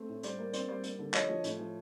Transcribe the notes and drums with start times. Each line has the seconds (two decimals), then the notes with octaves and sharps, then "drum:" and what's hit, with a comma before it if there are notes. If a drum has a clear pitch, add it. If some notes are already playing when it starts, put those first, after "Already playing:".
Already playing: A3 C4
0.09 A2
0.23 G3 C5 D5, drum: hi-hat
0.39 A#3
0.53 C4 C5 D5, drum: hi-hat
0.68 G3 C5 D5
0.84 A#3, drum: hi-hat
0.99 D3
1.14 F3 C#5 D#5, drum: clap
1.29 F3
1.44 A2, drum: hi-hat
1.59 F3